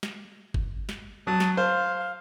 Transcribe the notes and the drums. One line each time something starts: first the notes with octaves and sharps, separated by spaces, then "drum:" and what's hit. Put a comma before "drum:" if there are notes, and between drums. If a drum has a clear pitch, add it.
drum: snare
drum: kick G1
drum: snare
F#3 A5 D#6
drum: snare
C5 F5
F5